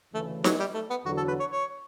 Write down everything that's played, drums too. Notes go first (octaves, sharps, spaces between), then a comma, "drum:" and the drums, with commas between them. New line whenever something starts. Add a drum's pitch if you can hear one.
D2 C#3 E3 A3
F#3, drum: snare D#4
G3
A3
B3
E2 D3 F#3 F#4
A4
B4
C#5
C#5